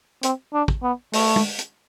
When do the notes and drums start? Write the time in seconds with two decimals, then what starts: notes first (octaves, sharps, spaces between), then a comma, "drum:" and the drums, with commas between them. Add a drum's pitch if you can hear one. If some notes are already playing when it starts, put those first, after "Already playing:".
0.23 C4, drum: hi-hat
0.53 D4
0.68 drum: kick
0.83 B3
1.13 A3, drum: open hi-hat
1.36 drum: tom
1.59 drum: hi-hat